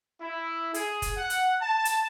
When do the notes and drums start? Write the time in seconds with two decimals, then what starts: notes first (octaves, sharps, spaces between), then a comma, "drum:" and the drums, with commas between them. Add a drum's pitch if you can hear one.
0.21 E4
0.74 G#4, drum: hi-hat
1.02 drum: kick, hi-hat
1.17 F#5
1.30 drum: hi-hat
1.62 A5
1.85 drum: hi-hat